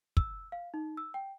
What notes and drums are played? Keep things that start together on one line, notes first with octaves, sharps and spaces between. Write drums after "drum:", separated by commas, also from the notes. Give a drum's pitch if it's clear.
E6, drum: kick
F5
D#4
E6
G5